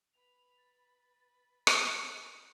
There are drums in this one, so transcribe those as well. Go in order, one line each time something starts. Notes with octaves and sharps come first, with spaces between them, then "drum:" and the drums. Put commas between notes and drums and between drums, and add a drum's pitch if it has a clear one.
B4 B5 F7
A6
drum: rim click